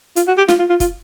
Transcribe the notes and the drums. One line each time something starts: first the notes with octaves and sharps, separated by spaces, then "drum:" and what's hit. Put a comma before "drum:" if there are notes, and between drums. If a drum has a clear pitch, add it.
F4, drum: hi-hat
F#4
G4
F4, drum: snare
F4
F4
F4, drum: kick, hi-hat